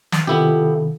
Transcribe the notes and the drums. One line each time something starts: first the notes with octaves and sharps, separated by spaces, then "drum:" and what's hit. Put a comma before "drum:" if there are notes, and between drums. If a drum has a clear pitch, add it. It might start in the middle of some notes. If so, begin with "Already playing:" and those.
drum: snare
C3 D#3 B3 E4 F4 G4 A4